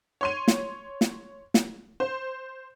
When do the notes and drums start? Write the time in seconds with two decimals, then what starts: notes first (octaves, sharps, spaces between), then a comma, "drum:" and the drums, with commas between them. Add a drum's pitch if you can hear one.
0.21 C#5 C6 D#7
0.48 drum: snare
1.01 drum: snare
1.54 drum: snare
2.00 C5